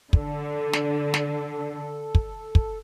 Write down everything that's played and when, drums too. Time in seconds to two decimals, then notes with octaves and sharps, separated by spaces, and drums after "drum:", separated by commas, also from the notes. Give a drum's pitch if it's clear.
0.13 D3 A4, drum: kick
0.73 drum: snare
1.14 drum: snare
2.15 drum: kick
2.55 drum: kick